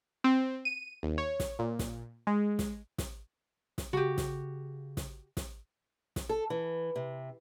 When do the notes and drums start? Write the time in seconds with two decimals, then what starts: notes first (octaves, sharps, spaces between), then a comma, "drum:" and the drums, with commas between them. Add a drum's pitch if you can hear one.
0.24 C4
0.65 D#7
1.03 D#2
1.18 C#5
1.40 drum: snare
1.59 A#2
1.79 drum: snare
2.27 G#3
2.59 drum: snare
2.98 drum: snare
3.78 drum: snare
3.93 C#3 F#4 G4
4.18 drum: snare
4.97 drum: snare
5.37 drum: snare
6.16 drum: snare
6.29 A4
6.50 E3
6.96 C3